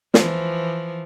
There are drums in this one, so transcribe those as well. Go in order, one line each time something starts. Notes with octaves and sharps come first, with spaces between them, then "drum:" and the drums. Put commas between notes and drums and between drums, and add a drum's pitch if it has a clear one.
E3 F3, drum: snare